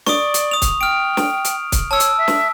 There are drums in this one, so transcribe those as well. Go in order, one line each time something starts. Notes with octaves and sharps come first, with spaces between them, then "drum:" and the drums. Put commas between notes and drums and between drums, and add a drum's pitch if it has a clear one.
D5 C#6 D#6, drum: snare
drum: hi-hat
D#6 F7
drum: kick, hi-hat
G5 F6 D7
drum: snare
drum: hi-hat
drum: kick, hi-hat
C#5 A5 E6
drum: hi-hat
E5
drum: snare